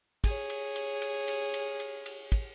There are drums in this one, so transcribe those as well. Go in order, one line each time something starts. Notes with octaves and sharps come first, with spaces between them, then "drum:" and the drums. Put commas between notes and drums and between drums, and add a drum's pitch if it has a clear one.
G#4 C#5, drum: kick, cymbal
drum: cymbal
drum: cymbal
drum: cymbal
drum: cymbal
drum: cymbal
drum: cymbal
drum: cymbal
drum: kick, cymbal